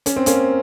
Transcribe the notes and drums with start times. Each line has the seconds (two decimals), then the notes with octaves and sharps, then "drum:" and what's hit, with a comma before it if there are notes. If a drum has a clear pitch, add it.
0.06 C#4, drum: hi-hat
0.16 C4
0.26 A#3 C#4, drum: hi-hat